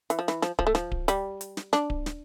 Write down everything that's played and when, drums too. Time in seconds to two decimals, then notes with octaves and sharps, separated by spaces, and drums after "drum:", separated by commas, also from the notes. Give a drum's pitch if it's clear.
0.10 E3, drum: hi-hat
0.19 F3
0.28 E3, drum: snare
0.42 F3, drum: snare
0.59 F3, drum: kick D1
0.67 A3
0.75 F3, drum: snare
0.92 drum: kick D1
1.08 G3, drum: hi-hat
1.41 drum: hi-hat
1.57 drum: snare
1.73 D4, drum: snare
1.90 drum: kick D1
2.06 drum: snare